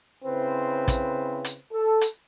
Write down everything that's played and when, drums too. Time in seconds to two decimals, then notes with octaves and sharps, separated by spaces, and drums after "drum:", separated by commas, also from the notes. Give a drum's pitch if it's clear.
0.25 C#3 C4 E4 B4 C5
0.88 drum: kick, hi-hat
1.45 drum: hi-hat
1.73 A4
2.01 drum: hi-hat